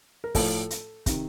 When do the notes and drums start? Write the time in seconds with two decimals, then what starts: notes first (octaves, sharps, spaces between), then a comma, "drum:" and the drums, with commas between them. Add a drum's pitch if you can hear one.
0.24 A#4
0.35 A2 F3 A4, drum: kick, open hi-hat
0.70 drum: hi-hat
1.06 C3 D#3, drum: kick, hi-hat